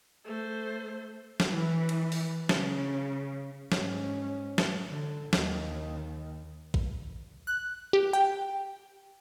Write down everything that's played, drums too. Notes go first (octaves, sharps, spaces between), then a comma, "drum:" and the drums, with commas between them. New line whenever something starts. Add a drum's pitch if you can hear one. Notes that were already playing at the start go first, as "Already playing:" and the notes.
A3 C5
drum: snare
E3
drum: cymbal
drum: open hi-hat
C#3, drum: snare
G#2 C#4, drum: snare
drum: snare
D3
D#2 D#3, drum: snare
drum: kick
F#6
G4
G5